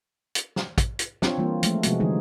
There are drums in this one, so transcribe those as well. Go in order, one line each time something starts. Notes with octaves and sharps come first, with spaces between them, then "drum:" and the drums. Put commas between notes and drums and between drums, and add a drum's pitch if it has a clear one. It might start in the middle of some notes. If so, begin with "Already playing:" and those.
drum: hi-hat
drum: snare
drum: kick, hi-hat
drum: hi-hat
C4 D4 F4 C#5, drum: snare
E3 G3 A#3 F4
F3 G#3 A3, drum: hi-hat
C3 F3 G#3 B3 F#4, drum: hi-hat
D3 E3 G3 G#3 D#4 G#4